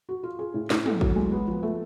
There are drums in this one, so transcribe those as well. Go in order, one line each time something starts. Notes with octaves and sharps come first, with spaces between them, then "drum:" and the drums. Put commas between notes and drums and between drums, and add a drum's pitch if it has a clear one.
F#4
F4
G#4
A2
A2, drum: snare
A4, drum: tom
F#3, drum: kick G#1
G#3
B3
F3
A3